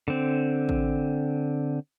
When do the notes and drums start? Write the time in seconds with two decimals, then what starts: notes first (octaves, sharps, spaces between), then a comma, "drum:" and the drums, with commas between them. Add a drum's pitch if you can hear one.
0.08 D3 C4
0.69 drum: kick A1